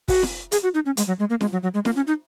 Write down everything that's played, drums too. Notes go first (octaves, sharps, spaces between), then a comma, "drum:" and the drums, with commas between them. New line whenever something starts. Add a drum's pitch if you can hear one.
F#4, drum: kick, open hi-hat
drum: snare
G#4, drum: hi-hat
F#4
D#4
C#4
G#3, drum: hi-hat
F#3
G#3
A#3
G#3, drum: snare
F#3
F#3
G#3
A#3, drum: snare
C#4
D#4